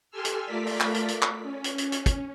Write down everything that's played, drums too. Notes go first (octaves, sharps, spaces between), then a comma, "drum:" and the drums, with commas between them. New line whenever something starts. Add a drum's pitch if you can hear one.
G4 A4 G#5 C6 E6 F6
drum: hi-hat
A3 F4 A4 A#4 D5 B6
drum: open hi-hat
drum: clap
drum: hi-hat
drum: hi-hat
drum: clap
C#4
drum: hi-hat
drum: hi-hat
drum: hi-hat
drum: kick, hi-hat